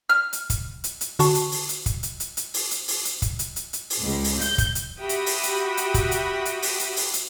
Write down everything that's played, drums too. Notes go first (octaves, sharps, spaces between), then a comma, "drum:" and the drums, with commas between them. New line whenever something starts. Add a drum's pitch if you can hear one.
F6
drum: hi-hat
drum: kick, hi-hat
drum: hi-hat
drum: hi-hat
D3 F#4 A5 C#6, drum: open hi-hat
drum: hi-hat
drum: open hi-hat
drum: hi-hat
drum: kick, hi-hat
drum: hi-hat
drum: hi-hat
drum: hi-hat
drum: open hi-hat
drum: hi-hat
drum: open hi-hat
drum: hi-hat
drum: kick, hi-hat
drum: hi-hat
drum: hi-hat
drum: hi-hat
drum: open hi-hat
C#2
drum: open hi-hat
G6, drum: hi-hat
drum: kick, hi-hat
drum: hi-hat
F#4 G4 E5 G5 B5 D#6
drum: hi-hat
drum: open hi-hat
drum: hi-hat
drum: hi-hat
drum: kick, hi-hat
drum: hi-hat
drum: hi-hat
drum: open hi-hat
drum: hi-hat
drum: open hi-hat
drum: hi-hat